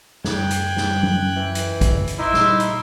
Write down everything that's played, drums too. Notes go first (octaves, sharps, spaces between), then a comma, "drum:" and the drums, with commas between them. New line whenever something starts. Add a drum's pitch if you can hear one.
F#2 G5 F#6 G#6, drum: snare
drum: hi-hat
drum: snare
drum: tom F#3
E3
drum: hi-hat
drum: kick A1, hi-hat
drum: hi-hat
A#2 D#4 E4 E5 C6 D6
drum: snare
drum: hi-hat